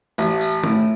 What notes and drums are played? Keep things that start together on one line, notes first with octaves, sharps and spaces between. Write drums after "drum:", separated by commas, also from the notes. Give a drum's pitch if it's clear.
A1, drum: tambourine
drum: tambourine
A2, drum: tom